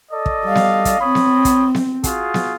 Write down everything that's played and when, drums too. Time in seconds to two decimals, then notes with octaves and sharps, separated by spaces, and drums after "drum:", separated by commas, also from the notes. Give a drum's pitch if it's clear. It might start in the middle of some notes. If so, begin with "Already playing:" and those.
0.11 A4 D5 D#5
0.26 drum: kick
0.46 G3 F5
0.55 drum: snare B3
0.85 drum: kick, hi-hat
0.99 C4 C#5 B5 D#6
1.15 drum: snare B3
1.45 drum: kick, hi-hat
1.75 drum: snare B3
2.04 F4 F#4 G#4, drum: kick, hi-hat
2.34 drum: snare B3